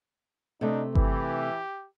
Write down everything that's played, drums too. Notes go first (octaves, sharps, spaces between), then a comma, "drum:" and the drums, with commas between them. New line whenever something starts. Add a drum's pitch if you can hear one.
C3 A3 D4 D#4
E3 G4, drum: kick G1